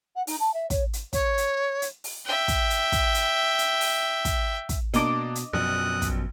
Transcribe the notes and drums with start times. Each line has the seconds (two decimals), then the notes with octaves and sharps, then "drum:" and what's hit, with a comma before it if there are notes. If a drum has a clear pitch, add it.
0.16 F#5
0.27 D#4, drum: open hi-hat
0.40 A5
0.54 E5
0.70 C#5, drum: kick, hi-hat
0.93 drum: hi-hat
1.13 C#5, drum: kick, hi-hat
1.38 drum: hi-hat
1.82 drum: hi-hat
2.04 drum: open hi-hat
2.26 E5 G5
2.48 drum: kick, hi-hat
2.70 drum: hi-hat
2.92 drum: kick, hi-hat
3.14 drum: hi-hat
3.59 drum: hi-hat
3.81 drum: open hi-hat
4.25 drum: kick, hi-hat
4.69 drum: kick, hi-hat
4.94 B2 A#3 D4 D#5 D6, drum: hi-hat
5.35 drum: hi-hat
5.53 A#1 F#2 B2 D#6 F#6
6.02 drum: kick, hi-hat